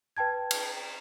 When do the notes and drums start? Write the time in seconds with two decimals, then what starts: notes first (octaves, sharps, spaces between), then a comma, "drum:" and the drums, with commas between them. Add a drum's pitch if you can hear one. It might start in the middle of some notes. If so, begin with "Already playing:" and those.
0.16 B4 G5 A5 G#6
0.51 drum: cymbal